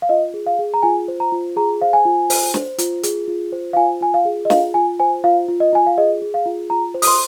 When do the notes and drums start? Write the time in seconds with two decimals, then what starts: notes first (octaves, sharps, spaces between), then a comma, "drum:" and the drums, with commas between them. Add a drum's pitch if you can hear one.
0.02 F5
0.09 F4 D#5
0.34 G#4
0.47 F5
0.59 G#4
0.74 A#5
0.83 F4 G#5
1.08 C5
1.20 A#5
1.32 F4
1.56 G#4 A#5
1.82 C5 F5
1.93 G#5
2.05 F4
2.30 C5, drum: open hi-hat
2.54 C5, drum: snare
2.78 F4, drum: hi-hat
3.03 G#4, drum: hi-hat
3.28 F4
3.52 C5
3.73 F5
3.77 F4 G#5
4.01 F4 G#5
4.14 F5
4.25 G#4
4.45 D#5
4.50 F4 F5, drum: snare
4.74 F4 G#5
5.00 C5 G#5
5.24 F4 F5
5.49 F4
5.60 D#5
5.73 F4 G#5
5.86 F5
5.97 G#4 D#5
6.22 G#4
6.34 F5
6.46 F4
6.70 F4 A#5
6.95 C5
7.02 D#6, drum: open hi-hat
7.07 C6